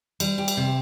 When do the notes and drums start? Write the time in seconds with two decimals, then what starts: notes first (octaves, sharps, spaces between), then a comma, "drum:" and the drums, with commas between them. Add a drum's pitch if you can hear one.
0.20 G3, drum: cymbal
0.38 G4
0.48 drum: cymbal
0.57 C3